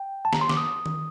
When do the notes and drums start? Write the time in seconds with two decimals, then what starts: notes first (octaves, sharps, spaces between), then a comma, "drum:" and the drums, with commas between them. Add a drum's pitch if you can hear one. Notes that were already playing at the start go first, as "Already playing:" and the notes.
Already playing: G5
0.25 A5
0.33 A#5, drum: snare
0.41 C6
0.49 D6, drum: snare
0.57 D#6
0.86 drum: tom D#3